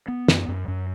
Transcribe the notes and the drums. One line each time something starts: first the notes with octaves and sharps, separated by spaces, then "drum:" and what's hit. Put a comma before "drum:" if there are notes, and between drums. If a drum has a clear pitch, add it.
B3
F#2, drum: snare
F#2
F#2